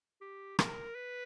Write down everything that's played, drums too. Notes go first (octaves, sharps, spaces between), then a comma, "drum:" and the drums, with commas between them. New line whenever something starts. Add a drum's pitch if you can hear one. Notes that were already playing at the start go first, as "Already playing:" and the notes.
G4
A#4, drum: rim click
B4